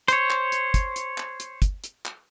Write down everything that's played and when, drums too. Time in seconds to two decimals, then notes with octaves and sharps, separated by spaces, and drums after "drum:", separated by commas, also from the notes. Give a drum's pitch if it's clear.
0.08 C5 C#5, drum: hi-hat
0.30 drum: clap
0.52 drum: hi-hat
0.74 drum: kick, hi-hat
0.96 drum: hi-hat
1.18 drum: clap
1.40 drum: hi-hat
1.62 drum: kick, hi-hat
1.84 drum: hi-hat
2.06 drum: clap